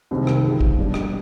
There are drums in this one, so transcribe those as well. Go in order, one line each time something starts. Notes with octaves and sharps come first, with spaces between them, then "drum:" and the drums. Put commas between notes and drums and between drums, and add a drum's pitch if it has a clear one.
C2 C3 D#3 G#3 C4
drum: rim click
G1 G2 F3 G#3
drum: kick
B2 G3 D4
drum: rim click